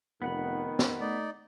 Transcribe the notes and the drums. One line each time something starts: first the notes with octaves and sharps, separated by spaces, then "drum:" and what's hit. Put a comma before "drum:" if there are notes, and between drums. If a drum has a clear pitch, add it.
F1 D#3 B3 F#5 B5
drum: snare
A3 D#4 D5